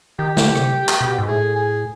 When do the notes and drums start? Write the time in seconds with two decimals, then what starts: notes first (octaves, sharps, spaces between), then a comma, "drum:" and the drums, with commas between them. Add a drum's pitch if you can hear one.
0.19 D#3 G4
0.37 D3, drum: snare
0.55 C3, drum: rim click
0.88 drum: clap
1.01 B2
1.18 G#2
1.28 A2 G#4
1.56 G#4